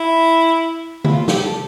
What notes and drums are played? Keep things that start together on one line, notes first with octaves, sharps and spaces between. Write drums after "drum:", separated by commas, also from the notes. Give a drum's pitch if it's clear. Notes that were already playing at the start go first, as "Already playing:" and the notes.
Already playing: E4
E4, drum: tom D3
F4
G4, drum: snare
A4